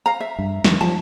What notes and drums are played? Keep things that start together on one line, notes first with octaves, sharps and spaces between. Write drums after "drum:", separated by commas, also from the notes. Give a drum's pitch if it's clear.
F5 A#5
E5
G2
F2 D#3 E3, drum: snare
F3 G3 A5